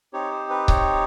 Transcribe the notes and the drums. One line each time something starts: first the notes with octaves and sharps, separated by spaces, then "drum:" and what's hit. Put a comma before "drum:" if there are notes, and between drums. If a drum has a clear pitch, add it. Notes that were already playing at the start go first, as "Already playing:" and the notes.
C4 D#4 G4 C#5
C5
B4
C#5, drum: kick C#1